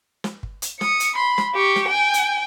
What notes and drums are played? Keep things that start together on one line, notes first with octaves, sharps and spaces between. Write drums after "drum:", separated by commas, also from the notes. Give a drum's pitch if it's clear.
drum: snare
drum: kick
drum: hi-hat
D#6 C#7, drum: snare
drum: hi-hat
B5 C6
drum: snare
G4 C#6
drum: snare
G5 G#5
drum: hi-hat